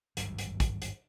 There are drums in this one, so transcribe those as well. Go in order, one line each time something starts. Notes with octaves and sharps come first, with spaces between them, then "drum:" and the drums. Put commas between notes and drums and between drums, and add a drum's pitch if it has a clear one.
G#1 D2 G2 F#3, drum: hi-hat
drum: hi-hat
drum: kick, hi-hat
drum: hi-hat